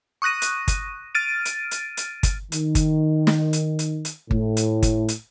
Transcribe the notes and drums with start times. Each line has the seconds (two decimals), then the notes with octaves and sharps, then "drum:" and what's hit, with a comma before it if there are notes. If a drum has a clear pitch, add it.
0.22 C#6 D#6 F#6 A#6 D#7
0.42 drum: hi-hat
0.68 drum: kick G1, hi-hat
1.15 F6 A6 D7 D#7
1.45 drum: hi-hat
1.71 drum: hi-hat
1.97 drum: hi-hat
2.23 drum: kick G1, hi-hat
2.52 D#3, drum: hi-hat
2.75 drum: kick G1, hi-hat
3.27 drum: snare
3.53 drum: hi-hat
3.79 drum: hi-hat
4.05 drum: hi-hat
4.31 A2, drum: kick G1
4.57 drum: hi-hat
4.83 drum: kick G1, hi-hat
5.08 drum: hi-hat